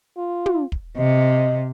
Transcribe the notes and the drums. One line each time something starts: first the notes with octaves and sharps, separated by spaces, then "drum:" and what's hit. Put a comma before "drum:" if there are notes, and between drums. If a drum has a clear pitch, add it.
F4
drum: tom
drum: kick
C3 D#5